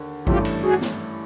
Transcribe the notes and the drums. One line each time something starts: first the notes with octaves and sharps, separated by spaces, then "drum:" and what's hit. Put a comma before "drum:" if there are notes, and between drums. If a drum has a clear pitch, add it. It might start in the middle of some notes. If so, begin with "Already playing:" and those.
Already playing: D#2 D3
G2 E3 A3 C#4 F4 G4, drum: kick A1
drum: cymbal
F#4 G#4
drum: snare